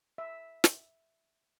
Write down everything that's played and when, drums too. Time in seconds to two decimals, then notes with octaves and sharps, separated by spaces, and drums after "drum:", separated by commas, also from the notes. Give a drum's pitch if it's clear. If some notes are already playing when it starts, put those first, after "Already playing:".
0.18 E5
0.64 drum: snare